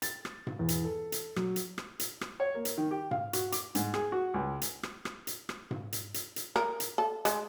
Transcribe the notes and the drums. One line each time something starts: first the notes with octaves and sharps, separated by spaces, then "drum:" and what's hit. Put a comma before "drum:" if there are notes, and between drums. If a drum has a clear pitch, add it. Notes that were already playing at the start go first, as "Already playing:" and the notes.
A6, drum: hi-hat
drum: rim click
drum: tom G#2
E2
drum: hi-hat
A4
drum: hi-hat
F#3, drum: rim click
drum: hi-hat
drum: rim click
drum: hi-hat
drum: rim click
C#5
A#3
drum: hi-hat
D#3
G4
F5, drum: tom G#2
F#4, drum: hi-hat
D6, drum: hi-hat
G#2, drum: hi-hat
G#4, drum: rim click
F#4
C#2
drum: hi-hat
drum: rim click
drum: rim click
drum: hi-hat
drum: rim click
drum: tom G#2
drum: hi-hat
drum: hi-hat
drum: hi-hat
A#4, drum: rim click
drum: hi-hat
A4
G#3, drum: hi-hat